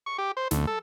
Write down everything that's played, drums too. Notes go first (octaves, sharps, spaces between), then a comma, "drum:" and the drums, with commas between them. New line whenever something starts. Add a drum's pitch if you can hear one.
C#6
G4
C5
D2, drum: snare
A4